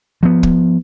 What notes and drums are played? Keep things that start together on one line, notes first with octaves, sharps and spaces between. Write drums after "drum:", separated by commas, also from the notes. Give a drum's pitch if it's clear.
F3 B3
drum: kick